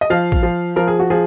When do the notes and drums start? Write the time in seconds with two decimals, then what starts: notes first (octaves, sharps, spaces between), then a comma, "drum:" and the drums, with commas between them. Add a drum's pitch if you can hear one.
0.01 D#5
0.10 F3 F5
0.32 drum: kick
0.43 F3
0.76 F3 A#4
0.87 G#4
0.99 F#4
1.10 F3 G#4